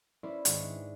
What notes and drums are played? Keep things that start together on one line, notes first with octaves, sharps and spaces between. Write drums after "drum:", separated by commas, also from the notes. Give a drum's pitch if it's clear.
C#4 E4 B4 C5 D5
G#2 D#3 G#4 C#6, drum: hi-hat
D4